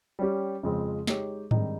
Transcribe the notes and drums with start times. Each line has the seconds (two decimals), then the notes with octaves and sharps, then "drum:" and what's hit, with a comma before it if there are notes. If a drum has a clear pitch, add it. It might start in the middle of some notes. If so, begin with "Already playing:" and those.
0.19 G3 C#4 G4
0.63 F2 C#3 F3 G#3 C4
1.07 G#3 D#4 G4 C#5, drum: snare
1.51 G2 D#3 G#3 C4 D#4, drum: tom G#2